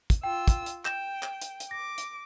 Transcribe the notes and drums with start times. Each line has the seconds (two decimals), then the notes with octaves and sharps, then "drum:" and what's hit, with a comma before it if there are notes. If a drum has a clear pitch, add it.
0.10 drum: kick, hi-hat
0.23 F4 G5 E6
0.48 drum: kick, hi-hat
0.66 drum: hi-hat
0.85 G5 G6 E7, drum: clap
1.23 drum: clap
1.41 drum: hi-hat
1.60 drum: hi-hat
1.71 D6 A#6
1.98 drum: hi-hat